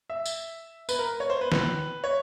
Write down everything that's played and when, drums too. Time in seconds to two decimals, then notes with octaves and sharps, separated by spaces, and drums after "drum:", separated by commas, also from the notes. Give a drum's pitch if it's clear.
0.10 E5
0.26 drum: tambourine
0.89 B4, drum: tambourine
0.99 A#4
1.20 C#5
1.30 C5
1.41 B4
1.52 B4, drum: snare
2.04 C#5